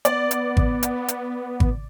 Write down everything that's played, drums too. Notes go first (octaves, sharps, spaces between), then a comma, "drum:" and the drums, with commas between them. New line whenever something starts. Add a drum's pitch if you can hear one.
B3 D5, drum: hi-hat
drum: hi-hat
drum: kick G#1
drum: hi-hat
drum: hi-hat
drum: kick G#1